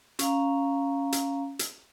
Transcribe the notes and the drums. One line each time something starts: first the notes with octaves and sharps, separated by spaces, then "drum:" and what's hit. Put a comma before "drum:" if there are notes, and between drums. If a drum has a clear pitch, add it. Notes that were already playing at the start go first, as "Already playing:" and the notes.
C#4 F5 A#5, drum: hi-hat
drum: hi-hat
drum: hi-hat